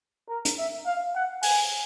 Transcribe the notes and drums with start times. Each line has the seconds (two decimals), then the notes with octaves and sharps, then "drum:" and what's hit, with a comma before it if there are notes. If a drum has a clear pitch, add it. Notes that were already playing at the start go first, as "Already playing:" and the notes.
0.29 A#4
0.45 drum: hi-hat
0.58 E5
0.86 F5
1.15 F#5
1.43 G#5, drum: open hi-hat